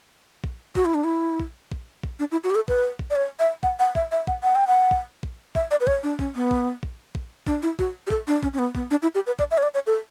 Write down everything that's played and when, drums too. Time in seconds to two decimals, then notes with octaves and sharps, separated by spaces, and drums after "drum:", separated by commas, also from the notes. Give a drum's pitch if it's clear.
0.44 drum: kick
0.75 F#4, drum: kick
0.85 E4
0.94 D4
1.04 E4
1.40 drum: kick
1.72 drum: kick
2.03 drum: kick
2.19 D4
2.32 E4
2.44 F#4
2.50 G4
2.55 A4
2.68 B4, drum: kick
2.99 drum: kick
3.10 D5
3.16 C#5
3.39 E5
3.63 F#5, drum: kick
3.79 F#5
3.95 E5, drum: kick
4.11 E5
4.27 F#5, drum: kick
4.43 F#5
4.55 G5
4.67 F#5
4.91 drum: kick
5.23 drum: kick
5.55 E5, drum: kick
5.71 D5
5.80 B4
5.87 C#5, drum: kick
6.03 D4
6.19 C#4, drum: kick
6.35 B3
6.51 drum: kick
6.83 drum: kick
7.15 drum: kick
7.47 D4, drum: kick
7.62 E4
7.79 F#4, drum: kick
8.07 G4
8.10 A4, drum: kick
8.27 D4
8.43 C#4, drum: kick
8.53 C#4
8.59 B3
8.75 B3, drum: kick
8.91 D4
9.02 E4
9.15 G4
9.26 B4
9.39 D5, drum: kick
9.51 E5
9.58 C#5
9.63 D5
9.74 C#5
9.87 A4